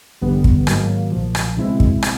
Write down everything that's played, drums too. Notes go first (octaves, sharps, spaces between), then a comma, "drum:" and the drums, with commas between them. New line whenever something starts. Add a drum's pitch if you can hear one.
A1 G2 D3 G3 B3
drum: kick
G#2 D#3 F#3 A#3, drum: rim click
B1 A#2 F3
drum: rim click
C#2 B2 G#3 C4 E4
drum: kick
drum: rim click